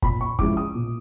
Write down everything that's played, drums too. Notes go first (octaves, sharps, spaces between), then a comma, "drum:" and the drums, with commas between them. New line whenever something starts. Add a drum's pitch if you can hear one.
A#2 B5, drum: kick
C#6
F3 G#3 C#4 E4 D6, drum: kick
D#6
A#2